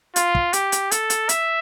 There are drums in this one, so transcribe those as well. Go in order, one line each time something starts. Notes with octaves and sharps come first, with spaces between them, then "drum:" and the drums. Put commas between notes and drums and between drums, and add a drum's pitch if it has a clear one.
F4, drum: hi-hat
drum: kick
G4, drum: hi-hat
drum: hi-hat
A4, drum: hi-hat
drum: hi-hat
E5, drum: hi-hat